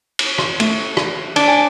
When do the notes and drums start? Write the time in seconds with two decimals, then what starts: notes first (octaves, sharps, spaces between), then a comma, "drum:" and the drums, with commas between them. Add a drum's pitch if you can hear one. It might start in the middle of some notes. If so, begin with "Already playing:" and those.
0.19 drum: cymbal
0.38 drum: rim click
0.60 A3, drum: cymbal
0.97 drum: rim click
1.36 D4, drum: cymbal
1.48 G#5